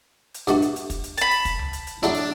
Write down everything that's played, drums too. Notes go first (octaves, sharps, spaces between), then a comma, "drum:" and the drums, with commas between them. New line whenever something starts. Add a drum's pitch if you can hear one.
drum: hi-hat
G2 A3 F#4, drum: hi-hat
drum: hi-hat
drum: hi-hat
drum: kick, hi-hat
drum: hi-hat
A5 B5, drum: hi-hat
drum: open hi-hat
drum: kick, hi-hat
drum: tom C#2
drum: hi-hat
drum: hi-hat
F#3 A3 D4 E4, drum: hi-hat
drum: open hi-hat